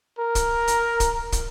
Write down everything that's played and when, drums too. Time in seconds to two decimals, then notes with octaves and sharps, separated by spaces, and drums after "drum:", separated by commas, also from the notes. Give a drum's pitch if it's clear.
0.19 A#4
0.35 drum: kick, hi-hat
0.68 drum: hi-hat
1.00 drum: kick, hi-hat
1.32 drum: kick, hi-hat